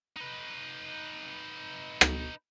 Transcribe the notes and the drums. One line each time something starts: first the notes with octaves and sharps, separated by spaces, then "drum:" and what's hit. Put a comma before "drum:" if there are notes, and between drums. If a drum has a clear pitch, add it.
D#4 B4
drum: rim click